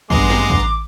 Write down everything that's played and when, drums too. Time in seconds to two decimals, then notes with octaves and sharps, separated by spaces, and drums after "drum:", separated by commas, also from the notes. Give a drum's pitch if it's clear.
0.10 G2 G#3 B3 A#5 C6 D6, drum: kick A1
0.30 drum: snare
0.50 drum: kick A1